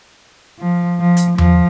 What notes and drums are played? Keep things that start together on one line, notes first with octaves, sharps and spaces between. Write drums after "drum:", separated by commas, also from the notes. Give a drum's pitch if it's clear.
F3
F3
drum: hi-hat
F3, drum: tom E2